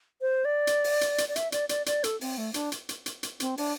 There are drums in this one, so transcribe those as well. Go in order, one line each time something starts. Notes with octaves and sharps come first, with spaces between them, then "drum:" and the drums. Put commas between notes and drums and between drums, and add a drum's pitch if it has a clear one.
C5
D5
drum: hi-hat
drum: open hi-hat
drum: hi-hat
drum: hi-hat
D5
E5, drum: hi-hat
D5, drum: hi-hat
D5, drum: hi-hat
D5, drum: hi-hat
A4, drum: hi-hat
C4, drum: open hi-hat
A3
D4, drum: hi-hat
drum: hi-hat
drum: hi-hat
drum: hi-hat
drum: hi-hat
C4, drum: hi-hat
D4, drum: open hi-hat